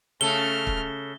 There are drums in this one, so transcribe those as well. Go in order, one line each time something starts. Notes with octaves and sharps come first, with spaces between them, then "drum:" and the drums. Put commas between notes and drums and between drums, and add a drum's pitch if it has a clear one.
C#3 A3 A4 F6 G7
drum: kick